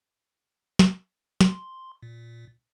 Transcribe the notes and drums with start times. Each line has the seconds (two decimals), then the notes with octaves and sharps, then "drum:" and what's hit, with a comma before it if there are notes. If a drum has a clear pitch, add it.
0.79 drum: snare
1.41 C6, drum: snare
2.02 A#2